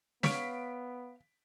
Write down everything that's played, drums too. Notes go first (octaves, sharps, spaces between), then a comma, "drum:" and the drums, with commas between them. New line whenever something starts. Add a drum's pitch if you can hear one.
B3 C#5 F5 B6 D7, drum: snare